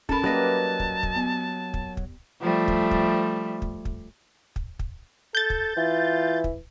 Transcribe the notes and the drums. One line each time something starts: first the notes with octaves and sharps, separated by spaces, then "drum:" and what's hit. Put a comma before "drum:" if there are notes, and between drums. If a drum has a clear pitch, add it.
C#4 A4 A#4 A5 B5, drum: kick
F#3 G3 A#3 B4 D#5
drum: kick
drum: kick
B3
drum: kick
drum: kick
F3 G3 A3
drum: kick
drum: kick
drum: kick
drum: kick
drum: kick
drum: kick
A4 G6 A6
drum: kick
E3 F4
drum: kick